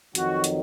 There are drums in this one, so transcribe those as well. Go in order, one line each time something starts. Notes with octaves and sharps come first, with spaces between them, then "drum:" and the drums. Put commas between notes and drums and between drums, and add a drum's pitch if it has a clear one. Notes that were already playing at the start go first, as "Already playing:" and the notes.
F2 D#3 F#3 F#4, drum: hi-hat
drum: hi-hat